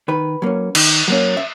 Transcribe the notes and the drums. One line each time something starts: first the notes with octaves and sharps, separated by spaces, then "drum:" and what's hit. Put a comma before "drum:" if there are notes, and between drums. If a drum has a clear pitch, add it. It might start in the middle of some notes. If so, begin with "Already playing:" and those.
D#3 B4
F#3 A#3 C#4
D#3, drum: cymbal
F#3 A#3 C#4
E5